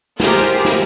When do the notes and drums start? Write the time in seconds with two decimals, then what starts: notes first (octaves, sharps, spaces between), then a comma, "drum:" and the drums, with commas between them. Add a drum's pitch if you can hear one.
0.20 F4 G4 G#4 A#4 C5, drum: snare
0.65 drum: snare